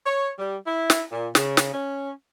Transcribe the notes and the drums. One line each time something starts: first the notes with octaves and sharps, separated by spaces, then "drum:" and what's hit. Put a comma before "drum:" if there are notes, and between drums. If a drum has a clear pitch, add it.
C#5
G3
E4
drum: snare
A#2
C#3, drum: snare
drum: snare
C#4